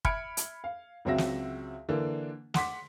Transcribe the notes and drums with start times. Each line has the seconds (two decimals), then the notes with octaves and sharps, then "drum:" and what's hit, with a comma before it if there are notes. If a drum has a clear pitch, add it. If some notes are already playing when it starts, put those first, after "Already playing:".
0.05 E5 B5 F6 G#6 C#7 D7, drum: kick
0.37 drum: hi-hat
0.64 F5
1.05 C#2 F#3 C4 F#4 E5 A#6
1.18 drum: snare
1.89 D3 E3 A#3 D4
2.54 F#5 C6 D6 B6, drum: snare